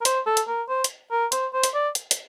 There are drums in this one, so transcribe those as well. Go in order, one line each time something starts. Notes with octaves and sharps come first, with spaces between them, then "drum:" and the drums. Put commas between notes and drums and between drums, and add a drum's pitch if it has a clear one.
A#4
C5, drum: hi-hat
A4
drum: hi-hat
A#4
C5
drum: hi-hat
A#4
C5, drum: hi-hat
C5
drum: hi-hat
D5
drum: hi-hat
drum: hi-hat